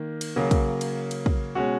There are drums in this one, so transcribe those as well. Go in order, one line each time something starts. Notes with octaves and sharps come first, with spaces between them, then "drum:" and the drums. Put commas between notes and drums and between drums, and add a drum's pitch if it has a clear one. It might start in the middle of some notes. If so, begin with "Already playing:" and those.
Already playing: D#3 A#3
drum: cymbal
C#3 F#3 A#3
drum: kick, cymbal
drum: cymbal
drum: cymbal
drum: kick
B2 G#3 C#4 F#4